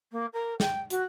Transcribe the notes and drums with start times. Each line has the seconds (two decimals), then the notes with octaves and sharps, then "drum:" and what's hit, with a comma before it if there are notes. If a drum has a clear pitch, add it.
0.12 A#3
0.33 A#4
0.60 G5, drum: snare
0.90 F#4, drum: hi-hat